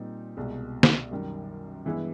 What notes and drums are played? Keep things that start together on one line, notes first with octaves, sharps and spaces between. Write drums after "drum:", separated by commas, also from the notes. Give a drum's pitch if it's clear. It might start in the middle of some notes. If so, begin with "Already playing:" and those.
Already playing: A#2 G3 C4 D#4
C2 B2 G#3
drum: snare
F#2 D#3 G3
G2 E3 G#3 B3 E4